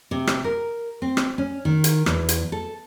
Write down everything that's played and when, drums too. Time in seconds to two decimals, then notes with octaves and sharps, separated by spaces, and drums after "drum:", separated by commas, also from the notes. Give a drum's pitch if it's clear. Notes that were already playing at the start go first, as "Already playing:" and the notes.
0.11 C3
0.27 drum: rim click
0.44 A#4
1.02 C4
1.17 drum: rim click
1.38 C#4
1.65 D#3
1.84 drum: hi-hat
2.06 E2, drum: rim click
2.29 drum: hi-hat
2.52 A4